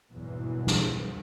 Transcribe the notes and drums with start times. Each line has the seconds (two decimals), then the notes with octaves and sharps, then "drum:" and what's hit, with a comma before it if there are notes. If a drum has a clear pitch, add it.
0.10 G#1 E2 G2 B2 E3 F#3
0.67 drum: snare